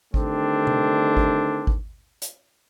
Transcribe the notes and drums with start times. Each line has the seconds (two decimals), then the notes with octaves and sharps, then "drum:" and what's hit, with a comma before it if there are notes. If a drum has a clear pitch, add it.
0.14 D3 D#3 G3 A3 C4 D4, drum: kick G#1
0.67 drum: tom C3
1.17 drum: kick G#1
1.67 drum: kick G#1
2.22 drum: hi-hat